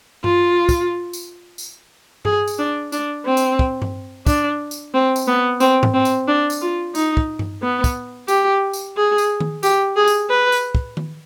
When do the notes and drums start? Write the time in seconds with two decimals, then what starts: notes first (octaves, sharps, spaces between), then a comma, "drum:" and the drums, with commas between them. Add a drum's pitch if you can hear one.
0.24 F4, drum: tom G2
0.69 drum: kick, tambourine
1.13 drum: tambourine
1.58 drum: tambourine
2.25 G#4, drum: tom G2
2.48 drum: tambourine
2.58 D4
2.92 D4, drum: tambourine
3.25 C4
3.37 drum: tambourine
3.59 drum: kick
3.82 drum: tom G2
4.27 D4, drum: kick, tambourine
4.71 drum: tambourine
4.94 C4
5.16 drum: tambourine
5.27 B3
5.60 C4, drum: tambourine
5.83 drum: tom G#2
5.94 C4
6.05 drum: tambourine
6.28 D4
6.50 drum: tambourine
6.61 F4
6.95 D#4, drum: tambourine
7.17 drum: kick
7.39 drum: tom G2
7.62 B3
7.84 drum: kick, tambourine
8.28 G4, drum: tambourine
8.73 drum: tambourine
8.96 G#4
9.18 drum: tambourine
9.40 drum: tom D#3
9.63 G4, drum: tambourine
9.96 G#4
10.08 drum: tambourine
10.30 B4
10.52 drum: tambourine
10.75 drum: kick
10.97 drum: tom D#3